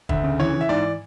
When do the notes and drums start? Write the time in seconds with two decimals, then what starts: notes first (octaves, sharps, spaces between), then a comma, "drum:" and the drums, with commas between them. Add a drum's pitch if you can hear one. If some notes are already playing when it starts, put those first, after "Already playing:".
0.09 D2 E5, drum: kick
0.24 C#3
0.39 E3 C#5
0.54 E3
0.61 E5
0.69 G#2 D5